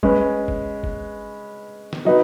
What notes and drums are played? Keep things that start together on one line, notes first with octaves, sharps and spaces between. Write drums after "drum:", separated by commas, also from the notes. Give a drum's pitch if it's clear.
G#3 C#4 B4, drum: kick G1
drum: kick G1
drum: kick G1
drum: snare
F#3 D#4 B4